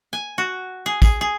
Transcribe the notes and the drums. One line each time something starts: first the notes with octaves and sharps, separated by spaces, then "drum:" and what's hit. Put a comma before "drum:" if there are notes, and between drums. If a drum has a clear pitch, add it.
G#5
F#4
G#4
G#4, drum: kick, tambourine
G#4